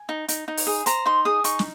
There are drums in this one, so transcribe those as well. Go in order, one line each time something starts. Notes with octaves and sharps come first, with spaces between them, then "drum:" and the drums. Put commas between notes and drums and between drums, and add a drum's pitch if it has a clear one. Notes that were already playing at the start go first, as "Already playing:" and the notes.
Already playing: G#5
D#4
D#4, drum: hi-hat
D#4
drum: open hi-hat
G#4
C5 A#5, drum: hi-hat
D#4 C6
G#4 D#6
D#4 C#6, drum: hi-hat
drum: snare